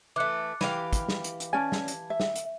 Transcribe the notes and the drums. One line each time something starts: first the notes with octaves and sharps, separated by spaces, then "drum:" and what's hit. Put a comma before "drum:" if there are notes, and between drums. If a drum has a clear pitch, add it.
E3 A3 D6 F#6 C#7
E3 G4 F5, drum: snare
drum: kick, hi-hat
drum: snare
drum: hi-hat
drum: hi-hat
C#4 D5 G#5 A5 G#6
drum: snare
drum: hi-hat
E5
drum: snare
drum: hi-hat